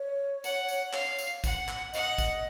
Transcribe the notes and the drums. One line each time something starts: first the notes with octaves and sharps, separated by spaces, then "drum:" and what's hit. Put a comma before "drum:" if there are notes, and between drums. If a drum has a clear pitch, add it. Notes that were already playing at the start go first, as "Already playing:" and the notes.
Already playing: C#5
F#5, drum: tambourine
drum: tambourine
F5, drum: clap
drum: tambourine
F#5, drum: kick, tambourine
drum: clap
D#5 F#5, drum: tambourine
drum: kick, tambourine